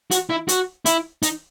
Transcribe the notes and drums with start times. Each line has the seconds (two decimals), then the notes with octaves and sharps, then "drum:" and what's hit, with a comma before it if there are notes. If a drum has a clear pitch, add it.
0.11 F#4, drum: hi-hat
0.30 E4
0.49 F#4, drum: hi-hat
0.86 E4, drum: hi-hat
1.23 D#4, drum: hi-hat